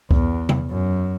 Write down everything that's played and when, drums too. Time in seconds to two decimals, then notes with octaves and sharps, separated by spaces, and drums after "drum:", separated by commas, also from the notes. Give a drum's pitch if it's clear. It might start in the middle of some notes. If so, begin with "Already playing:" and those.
0.11 E2, drum: kick C2
0.49 drum: tom C3
0.70 F#2